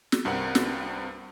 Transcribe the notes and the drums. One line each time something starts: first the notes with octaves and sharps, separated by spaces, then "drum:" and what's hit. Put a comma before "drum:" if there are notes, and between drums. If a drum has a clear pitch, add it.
drum: snare
C2 G2 C4 A#4 F#5
drum: snare